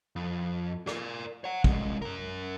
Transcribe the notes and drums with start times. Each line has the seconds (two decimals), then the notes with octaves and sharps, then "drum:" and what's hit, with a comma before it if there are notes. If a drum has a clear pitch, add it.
0.16 F2
0.87 A#4 D5, drum: rim click
1.44 C#5 F#5
1.64 C2 G#3, drum: kick
2.02 F#2 A#4